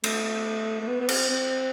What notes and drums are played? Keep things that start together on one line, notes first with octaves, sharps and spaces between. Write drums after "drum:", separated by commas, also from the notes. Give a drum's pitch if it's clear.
A3, drum: cymbal
A3
B3
B3
C4, drum: cymbal
C4